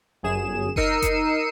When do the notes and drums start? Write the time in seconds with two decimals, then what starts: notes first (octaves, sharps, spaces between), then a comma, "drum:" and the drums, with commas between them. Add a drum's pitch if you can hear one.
0.23 G1 F#2 G#4 E7
0.76 D#4 A#4 E6 C7 C#7 D#7, drum: kick F#1
1.02 drum: kick F#1, hi-hat